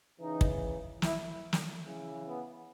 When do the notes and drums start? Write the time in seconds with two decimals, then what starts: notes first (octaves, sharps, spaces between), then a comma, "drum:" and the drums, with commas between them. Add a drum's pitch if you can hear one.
0.20 C#3 E3 D#4
0.41 drum: kick
1.02 E4, drum: snare
1.53 drum: snare
1.85 C#3 E3
2.26 B3